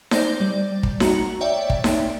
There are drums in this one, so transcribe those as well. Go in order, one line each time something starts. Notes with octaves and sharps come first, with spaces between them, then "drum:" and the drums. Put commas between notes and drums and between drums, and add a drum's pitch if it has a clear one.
C5 D5 G6 A#6, drum: snare D#4
G3 D5
drum: kick
F#4 A#5, drum: snare D#4
C#5 D5 E5 G5
drum: kick
drum: snare D#4